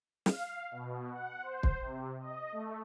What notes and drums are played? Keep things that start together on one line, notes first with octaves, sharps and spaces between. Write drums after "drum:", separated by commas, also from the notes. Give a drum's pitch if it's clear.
F5, drum: snare
B2
F#5
C5
drum: kick
C3
D#5
A3